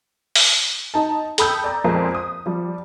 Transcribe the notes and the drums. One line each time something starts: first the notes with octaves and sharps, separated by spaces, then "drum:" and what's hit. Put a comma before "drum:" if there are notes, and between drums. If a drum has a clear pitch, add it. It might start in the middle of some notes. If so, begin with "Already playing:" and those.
drum: open hi-hat
D#4 A5
A4 G5 B5 D#6 E6 G6, drum: hi-hat
D5 A#5
F2 A#2 G#3 A#3 C4
D#6
F3 G3